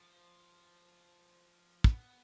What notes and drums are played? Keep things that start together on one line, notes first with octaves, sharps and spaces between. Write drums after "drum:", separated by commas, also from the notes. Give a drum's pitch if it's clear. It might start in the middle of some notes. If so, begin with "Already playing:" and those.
Already playing: F3
B3, drum: kick